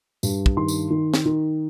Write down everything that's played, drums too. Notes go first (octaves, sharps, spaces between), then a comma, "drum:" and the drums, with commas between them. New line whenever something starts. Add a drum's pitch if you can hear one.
G2, drum: tambourine
drum: kick
D#3 C6
drum: tambourine
D#3
drum: snare
D#3